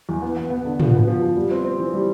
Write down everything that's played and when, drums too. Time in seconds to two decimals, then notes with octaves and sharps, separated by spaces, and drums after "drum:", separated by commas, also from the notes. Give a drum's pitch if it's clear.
0.09 E2
0.22 B3
0.37 B3
0.50 B3
0.65 D3
0.80 F3, drum: tom
0.94 B3
1.07 F3
1.23 F3
1.37 G3
1.51 C4
1.65 C4
1.79 E3
1.94 G3